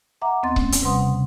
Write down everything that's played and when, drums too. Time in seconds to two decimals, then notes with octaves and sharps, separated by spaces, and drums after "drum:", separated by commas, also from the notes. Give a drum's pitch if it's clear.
0.21 D#5 E5 F#5 A#5 D6
0.43 D#2 B3 C4 D#5 C6 A6
0.56 A3 C#4, drum: kick C#1
0.72 drum: hi-hat
0.83 C3 G3 B4 F#5 C6 D#6
1.02 C#3